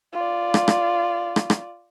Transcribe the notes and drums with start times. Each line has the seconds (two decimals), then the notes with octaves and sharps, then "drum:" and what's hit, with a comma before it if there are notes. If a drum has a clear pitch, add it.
0.13 F4 D5
0.54 drum: rim click
0.68 drum: rim click
1.36 drum: rim click
1.50 drum: rim click